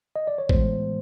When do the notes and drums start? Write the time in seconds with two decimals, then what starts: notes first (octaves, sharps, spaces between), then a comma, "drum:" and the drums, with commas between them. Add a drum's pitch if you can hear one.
0.16 D#5
0.27 D5
0.38 C#5
0.49 A2 E3 G#3 B3 C5, drum: kick